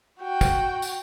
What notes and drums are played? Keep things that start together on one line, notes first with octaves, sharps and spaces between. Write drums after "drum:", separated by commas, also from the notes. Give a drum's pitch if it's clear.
F#4 G5
drum: kick, tambourine
drum: tambourine